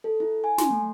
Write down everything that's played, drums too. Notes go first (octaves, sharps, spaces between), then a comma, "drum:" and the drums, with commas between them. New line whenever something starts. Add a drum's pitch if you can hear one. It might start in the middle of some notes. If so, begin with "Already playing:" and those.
A4
E4
G#5
C6, drum: snare
A3